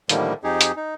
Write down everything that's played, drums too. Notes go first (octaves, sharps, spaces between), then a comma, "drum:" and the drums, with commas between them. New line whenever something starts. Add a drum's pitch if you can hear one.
A2 D3 D#3 F3 G3 A#3, drum: hi-hat
F2 D#4 G4 G#4
drum: hi-hat
D#4